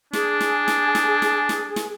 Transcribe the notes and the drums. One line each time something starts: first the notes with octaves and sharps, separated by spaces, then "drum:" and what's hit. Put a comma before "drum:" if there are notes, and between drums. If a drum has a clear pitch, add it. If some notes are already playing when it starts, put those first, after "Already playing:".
D4 G#4, drum: snare
drum: snare
drum: snare
drum: snare
drum: snare
drum: snare
drum: snare